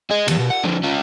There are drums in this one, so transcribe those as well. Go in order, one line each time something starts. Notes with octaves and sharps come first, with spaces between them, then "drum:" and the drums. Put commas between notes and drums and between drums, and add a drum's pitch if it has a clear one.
G#4 D#5
E2 B2, drum: cymbal
B2
F#5
D3 F3
C#4 F4